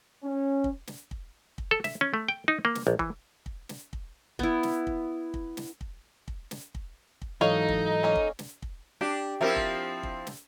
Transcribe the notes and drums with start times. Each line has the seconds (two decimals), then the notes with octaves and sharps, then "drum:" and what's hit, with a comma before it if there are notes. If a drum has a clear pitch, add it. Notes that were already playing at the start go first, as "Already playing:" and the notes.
0.23 C#4
0.64 drum: kick
0.88 drum: snare
1.11 drum: kick
1.58 drum: kick
1.71 A4
1.84 E5, drum: snare
2.01 C#4
2.14 A3
2.28 G5
2.48 D#4
2.65 A#3
2.75 drum: snare
2.87 A#1
2.99 E3, drum: kick
3.46 drum: kick
3.69 drum: snare
3.93 drum: kick
4.39 B3 E4, drum: kick
4.63 drum: snare
4.87 drum: kick
5.34 drum: kick
5.57 drum: snare
5.81 drum: kick
6.28 drum: kick
6.51 drum: snare
6.75 drum: kick
7.22 drum: kick
7.41 G#2 E3 F#3 D#4 A4 C#5 D#5 F5
7.68 drum: kick
8.03 A#3 C#4 D#5
8.15 drum: kick
8.39 drum: snare
8.62 drum: kick
9.01 D4 G4
9.41 F3 C4 E4 G4 A#4 E5
9.56 drum: kick
10.03 drum: kick
10.27 drum: snare